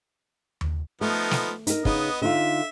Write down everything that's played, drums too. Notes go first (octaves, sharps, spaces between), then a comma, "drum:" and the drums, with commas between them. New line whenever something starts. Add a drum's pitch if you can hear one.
drum: tom D#2
F3 A3 B3 D#4
drum: snare
D#4 A#4, drum: hi-hat
C#3 B3 D#4 D#5, drum: kick
D3 D#4 F4 E5